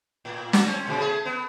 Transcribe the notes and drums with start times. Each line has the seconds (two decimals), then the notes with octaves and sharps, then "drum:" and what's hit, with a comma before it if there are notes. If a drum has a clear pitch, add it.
0.25 A2
0.53 F#4, drum: snare
0.66 C4 C#4
0.87 A#2 C#3 F3
1.01 A3 G#4
1.25 B3